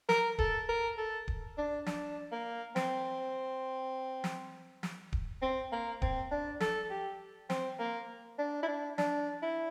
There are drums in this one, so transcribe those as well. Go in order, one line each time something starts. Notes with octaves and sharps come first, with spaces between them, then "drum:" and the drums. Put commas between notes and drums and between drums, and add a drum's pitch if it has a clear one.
A#4, drum: snare
A4, drum: kick D1
A#4
A4
drum: kick D1
D4
D4, drum: snare
A#3
C4, drum: snare
drum: snare
drum: snare
drum: kick D1
C4
A#3
C4, drum: kick D1
D4
A4, drum: snare
G4
C4, drum: snare
A#3
D4
E4
D4
D4, drum: snare
E4